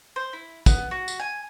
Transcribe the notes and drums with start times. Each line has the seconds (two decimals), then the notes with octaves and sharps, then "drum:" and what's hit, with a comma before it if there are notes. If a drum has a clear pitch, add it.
0.16 C5
0.33 E4
0.66 B3, drum: kick, tambourine
0.91 F#4
1.08 drum: tambourine
1.20 G#5